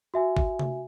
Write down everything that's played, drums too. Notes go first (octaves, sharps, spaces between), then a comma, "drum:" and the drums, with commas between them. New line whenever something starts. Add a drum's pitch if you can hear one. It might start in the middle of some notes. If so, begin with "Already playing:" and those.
F#4 E5 G#5
drum: kick A1
drum: tom C3